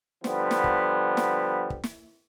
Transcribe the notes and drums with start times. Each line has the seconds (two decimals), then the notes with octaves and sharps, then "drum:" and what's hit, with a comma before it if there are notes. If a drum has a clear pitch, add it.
0.24 D3 F3 G3 B3, drum: snare
0.51 drum: snare
0.64 drum: kick
1.17 drum: snare
1.70 drum: kick
1.84 drum: snare